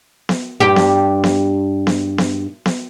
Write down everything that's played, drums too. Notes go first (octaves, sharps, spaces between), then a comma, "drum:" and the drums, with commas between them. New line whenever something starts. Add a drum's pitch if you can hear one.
drum: snare B3
G2 G4
drum: snare B3
drum: snare B3
drum: snare B3
drum: snare B3
drum: snare B3